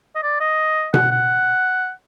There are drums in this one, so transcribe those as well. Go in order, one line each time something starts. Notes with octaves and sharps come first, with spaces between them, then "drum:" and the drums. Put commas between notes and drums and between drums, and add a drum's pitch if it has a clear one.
D#5
D5
D#5
F#5, drum: tom B2
F#5